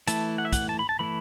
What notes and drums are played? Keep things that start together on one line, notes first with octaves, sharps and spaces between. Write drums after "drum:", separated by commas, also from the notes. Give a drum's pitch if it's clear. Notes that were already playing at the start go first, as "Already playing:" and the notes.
E3 A3 E4 A5, drum: hi-hat
F#5
E5
F#5, drum: kick, hi-hat
A5
B5
A5
E3 A3 E4 B5